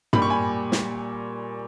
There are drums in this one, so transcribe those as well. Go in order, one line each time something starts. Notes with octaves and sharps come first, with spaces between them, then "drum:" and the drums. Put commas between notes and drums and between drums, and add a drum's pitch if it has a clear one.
A#2 G3 B5, drum: tom
C#6
G#5 B5
drum: snare